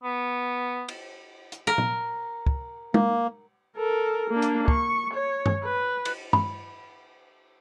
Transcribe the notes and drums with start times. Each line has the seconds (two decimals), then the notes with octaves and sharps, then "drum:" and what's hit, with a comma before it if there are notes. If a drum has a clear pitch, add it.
0.04 B3
0.88 drum: cymbal
1.52 drum: hi-hat
1.67 A#4
1.78 drum: tom A#2
2.46 drum: kick
2.94 A#3, drum: tom G#3
3.76 A4 A#4
4.31 A#3 D4
4.42 drum: hi-hat
4.68 C#6, drum: kick
5.14 C#5
5.46 drum: tom G2
5.64 B4
6.05 drum: cymbal
6.33 B5, drum: tom G2